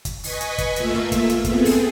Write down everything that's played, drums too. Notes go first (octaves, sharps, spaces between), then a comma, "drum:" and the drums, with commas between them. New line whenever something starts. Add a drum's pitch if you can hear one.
drum: kick, hi-hat
B4 D#5 G#5 B5 C#6, drum: open hi-hat
drum: hi-hat
drum: kick, hi-hat
A3 A#3 F4 E5 E6, drum: hi-hat
drum: snare
drum: kick, hi-hat
drum: hi-hat
B3 C4 G#4 A4, drum: kick, hi-hat
drum: open hi-hat